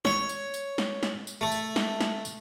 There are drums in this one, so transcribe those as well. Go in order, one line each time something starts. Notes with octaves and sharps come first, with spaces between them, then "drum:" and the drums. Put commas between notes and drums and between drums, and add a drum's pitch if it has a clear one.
C#5, drum: snare
drum: tambourine
drum: tambourine
drum: snare
drum: snare
drum: tambourine
A3
drum: tambourine
drum: snare
drum: snare
drum: tambourine